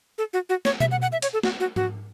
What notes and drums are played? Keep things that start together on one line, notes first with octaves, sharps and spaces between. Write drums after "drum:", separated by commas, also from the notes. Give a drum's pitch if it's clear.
A4
F#4
F#4
C#5, drum: snare
E5, drum: tom B2
F#5
F#5
E5
C#5, drum: hi-hat
A4
F#4, drum: snare
F#4
F#4, drum: tom G#2